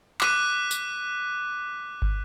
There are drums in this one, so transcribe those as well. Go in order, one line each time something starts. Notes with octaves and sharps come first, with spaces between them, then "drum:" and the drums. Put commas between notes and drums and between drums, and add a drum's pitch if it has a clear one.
D6 F#6 B6 D#7, drum: clap
drum: tambourine
drum: kick